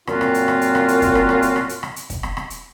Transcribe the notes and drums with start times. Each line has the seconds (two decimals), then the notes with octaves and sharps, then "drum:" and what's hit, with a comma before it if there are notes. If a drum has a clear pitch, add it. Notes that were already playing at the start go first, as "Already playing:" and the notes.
0.07 F#2 A#2 A#3 C4 F4 F#4, drum: rim click
0.21 drum: rim click
0.34 drum: hi-hat
0.48 drum: rim click
0.61 drum: hi-hat
0.75 drum: rim click
0.88 drum: hi-hat
1.02 drum: kick, hi-hat
1.15 drum: rim click
1.29 drum: rim click
1.42 drum: hi-hat
1.56 drum: rim click
1.69 drum: hi-hat
1.83 drum: rim click
1.96 drum: hi-hat
2.10 drum: kick, hi-hat
2.23 drum: rim click
2.37 drum: rim click
2.50 drum: hi-hat